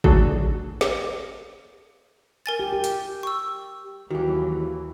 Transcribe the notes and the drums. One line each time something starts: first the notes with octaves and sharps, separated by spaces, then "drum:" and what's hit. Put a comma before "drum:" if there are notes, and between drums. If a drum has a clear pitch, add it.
D3 F#3 A3 F#4 G#4 A4, drum: kick
drum: snare
A#4 G#5 A6
G4
G4
drum: hi-hat
C#6 E6
D#2 D#3 E3 F#3 F#4 G4